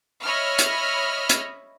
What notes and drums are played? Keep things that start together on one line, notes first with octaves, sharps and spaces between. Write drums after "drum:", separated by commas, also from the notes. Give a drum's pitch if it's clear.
C#5 D#5 E5 B5 E6 F6
drum: hi-hat
drum: hi-hat